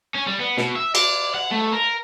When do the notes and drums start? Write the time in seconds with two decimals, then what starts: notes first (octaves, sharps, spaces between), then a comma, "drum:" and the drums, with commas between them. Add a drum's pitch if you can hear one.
0.15 C#4
0.27 G3
0.40 B3
0.57 B2, drum: snare
0.76 E5
0.95 D5, drum: cymbal
1.34 F#5
1.52 A3
1.73 A#4